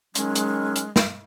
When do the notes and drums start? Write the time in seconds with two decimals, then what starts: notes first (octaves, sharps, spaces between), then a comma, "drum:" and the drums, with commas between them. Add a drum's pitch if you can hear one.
0.15 D#3 F#3 G#3 C#4, drum: hi-hat
0.35 drum: hi-hat
0.76 drum: hi-hat
0.96 drum: snare